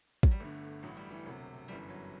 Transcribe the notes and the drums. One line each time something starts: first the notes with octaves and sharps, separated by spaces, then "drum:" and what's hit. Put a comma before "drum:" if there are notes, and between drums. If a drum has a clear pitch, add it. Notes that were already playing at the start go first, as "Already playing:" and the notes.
F#3, drum: kick
G3
G1 G2 D3 A3
A1 A2 E3 F#3
G3
E3
E1 D2 C3 F#3
G1 F#2 E3 G3
F#3